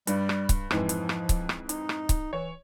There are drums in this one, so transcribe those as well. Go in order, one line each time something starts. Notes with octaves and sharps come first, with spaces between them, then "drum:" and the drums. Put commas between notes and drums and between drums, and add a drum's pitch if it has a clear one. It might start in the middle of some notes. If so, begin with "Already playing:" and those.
G2 G3, drum: hi-hat
drum: rim click
drum: kick C#1, hi-hat
F2 G#2 E3 F3, drum: rim click
drum: hi-hat
drum: rim click
drum: kick C#1, hi-hat
drum: rim click
D#4, drum: hi-hat
drum: rim click
drum: kick C#1, hi-hat
E3 C#5